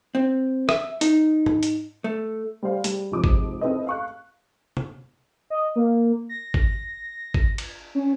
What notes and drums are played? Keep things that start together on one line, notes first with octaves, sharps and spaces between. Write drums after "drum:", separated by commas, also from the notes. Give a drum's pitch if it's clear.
C4
E5, drum: rim click
D#4, drum: hi-hat
drum: tom
drum: hi-hat
A3
G3 G4 C5 D5 F5
G3, drum: hi-hat
F1 G#2 F3 D6 D#6
drum: kick
C4 E4 A4 B4 D#5
F5 C#6 F#6
drum: tom
D#5
A#3
A#6
drum: kick
drum: kick
drum: cymbal
C#4